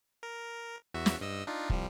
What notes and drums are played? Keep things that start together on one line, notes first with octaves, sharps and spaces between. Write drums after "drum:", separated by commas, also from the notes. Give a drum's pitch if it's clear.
A#4
E2 F#4 E5
drum: snare
G2 D#5 E6
D4 D#4 F4
C2 F3 G3, drum: kick